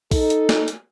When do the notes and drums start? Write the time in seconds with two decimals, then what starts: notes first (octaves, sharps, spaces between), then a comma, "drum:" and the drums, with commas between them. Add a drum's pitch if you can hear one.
0.11 D#4 A4, drum: kick, open hi-hat
0.30 drum: hi-hat
0.49 drum: snare
0.68 drum: hi-hat